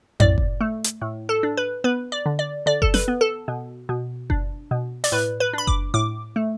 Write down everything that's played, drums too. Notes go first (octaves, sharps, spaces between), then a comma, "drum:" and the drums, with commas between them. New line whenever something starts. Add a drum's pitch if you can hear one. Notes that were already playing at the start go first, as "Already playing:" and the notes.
A2 D5, drum: tom F2
drum: kick F#1
A3
drum: hi-hat
A2
A4
D4
B4
B3 B4
D5
D3
D5
D3 D5
A4, drum: kick F#1
B4, drum: snare
B3
A4
B2
B2
D4, drum: kick F#1
B2
D5, drum: open hi-hat
A2 B4
B4
D4 B5
D6, drum: kick F#1
A2 D6
A3